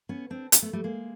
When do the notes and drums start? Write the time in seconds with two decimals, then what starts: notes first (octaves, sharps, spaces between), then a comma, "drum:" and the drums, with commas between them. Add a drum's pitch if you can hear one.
0.09 B3 C#4
0.30 C4 D4
0.52 B3 C#4, drum: hi-hat
0.62 A3 B3
0.73 G3 A3
0.84 G#3 A#3